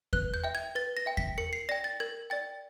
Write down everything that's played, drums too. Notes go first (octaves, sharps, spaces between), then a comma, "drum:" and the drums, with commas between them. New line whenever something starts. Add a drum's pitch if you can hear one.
B4 F#6, drum: kick E2
G6
E5 G5
G#6
B4 A6
A#6
E5 G5
B6, drum: kick E2
A#4 C#7
C7
D5 G5 A#6
A6
A#4 G#6
D5 G5 A6